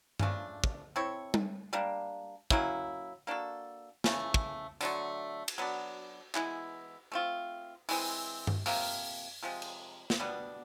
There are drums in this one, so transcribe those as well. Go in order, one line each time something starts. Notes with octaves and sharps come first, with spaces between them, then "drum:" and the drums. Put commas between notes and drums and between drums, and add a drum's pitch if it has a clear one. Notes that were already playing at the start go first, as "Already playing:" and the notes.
C#3 F3 A3 D4, drum: tom G2
drum: kick
C4 E4 A4 C#5
drum: tom G3
G3 A#3 D4
F#3 A#3 C#4 E4, drum: kick
A#3 D4 F#4 A4
C#3 E3 A3, drum: snare
drum: kick
D3 F#3 A3, drum: tambourine
drum: cymbal
F#3 B3 D4
E3 G#3 B3 E4, drum: clap
A3 C4 F4
E3 G#3 C4, drum: open hi-hat
drum: tom G2
C3 F3 A#3, drum: open hi-hat
C3 F3 G#3
drum: cymbal
drum: snare
B2 G3 B3 D4